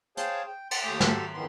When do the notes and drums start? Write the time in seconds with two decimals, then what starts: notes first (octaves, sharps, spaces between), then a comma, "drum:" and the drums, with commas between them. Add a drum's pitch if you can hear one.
0.17 G#4 C5 C#5 F5 G5 A5, drum: hi-hat
0.47 G5
0.71 F#5 C6, drum: cymbal
0.84 D#2 A3 C6 D6 D#6 G6
1.00 F#4 G4 A4 A5 C6, drum: snare
1.34 F2 D#3 E3 B3 C6